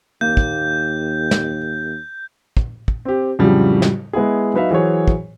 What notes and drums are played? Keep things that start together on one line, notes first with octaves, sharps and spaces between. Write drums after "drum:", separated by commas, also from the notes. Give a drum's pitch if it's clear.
D#2 A#3 G6
drum: kick
drum: snare
drum: kick
drum: kick
C4 G4
F2 A2 C#3 F#3 G3
drum: snare
G#3 B3 E4 G#4
F#3 D#4 B4 E5 F5
E3 F#3 G#4 C5 C#5
drum: kick